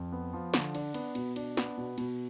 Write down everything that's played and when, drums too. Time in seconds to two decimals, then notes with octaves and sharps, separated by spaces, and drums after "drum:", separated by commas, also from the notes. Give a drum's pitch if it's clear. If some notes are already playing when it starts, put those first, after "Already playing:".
Already playing: F2
0.12 B3
0.33 F3
0.54 D3, drum: snare
0.75 D4, drum: cymbal
0.94 B3, drum: cymbal
1.15 B2, drum: cymbal
1.36 D4, drum: cymbal
1.57 B3, drum: snare
1.78 B2
1.98 B2, drum: cymbal